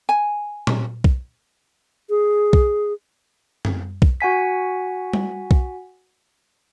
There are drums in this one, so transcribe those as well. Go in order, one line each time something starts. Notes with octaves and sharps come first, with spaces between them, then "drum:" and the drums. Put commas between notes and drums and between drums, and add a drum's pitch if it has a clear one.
G#5
drum: tom A#2
drum: kick B1
G#4
drum: kick B1
drum: tom F#2
drum: kick B1
F#4 F#5 G#5 B6
drum: tom
drum: kick B1